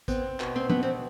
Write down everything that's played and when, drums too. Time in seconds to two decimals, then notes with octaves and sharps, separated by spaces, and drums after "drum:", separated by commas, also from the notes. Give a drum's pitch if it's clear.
0.08 B3 C4, drum: kick, tambourine
0.40 B2, drum: clap
0.56 C4
0.70 B2 B3, drum: tom
0.83 C4